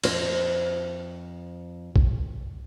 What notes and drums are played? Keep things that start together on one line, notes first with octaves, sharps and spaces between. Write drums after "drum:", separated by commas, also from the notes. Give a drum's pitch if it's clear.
F2 C5, drum: cymbal
drum: kick